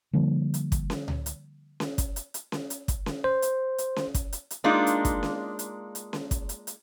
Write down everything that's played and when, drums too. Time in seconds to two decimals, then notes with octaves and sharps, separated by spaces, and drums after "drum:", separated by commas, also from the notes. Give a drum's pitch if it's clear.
0.13 D3 F3 G3 A#3
0.54 drum: hi-hat
0.72 drum: kick, hi-hat
0.90 drum: snare C#4
1.08 drum: tom C#2
1.26 drum: hi-hat
1.80 drum: snare C#4
1.98 drum: kick, hi-hat
2.16 drum: hi-hat
2.34 drum: hi-hat
2.52 drum: snare C#4
2.70 drum: hi-hat
2.88 drum: kick, hi-hat
3.06 drum: snare C#4
3.24 C5
3.42 drum: hi-hat
3.78 drum: hi-hat
3.96 drum: snare C#4
4.14 drum: kick, hi-hat
4.33 drum: hi-hat
4.51 drum: hi-hat
4.64 G#3 A#3 D4 D#4 F4
4.87 drum: hi-hat
5.05 drum: kick, hi-hat
5.23 drum: snare C#4
5.59 drum: hi-hat
5.95 drum: hi-hat
6.13 drum: snare C#4
6.31 drum: kick, hi-hat
6.49 drum: hi-hat
6.67 drum: hi-hat